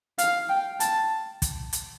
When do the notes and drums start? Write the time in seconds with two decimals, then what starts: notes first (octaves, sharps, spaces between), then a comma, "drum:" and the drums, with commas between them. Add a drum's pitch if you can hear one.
0.18 F5, drum: hi-hat
0.49 G5
0.80 A5, drum: hi-hat
1.42 drum: kick, hi-hat
1.73 drum: hi-hat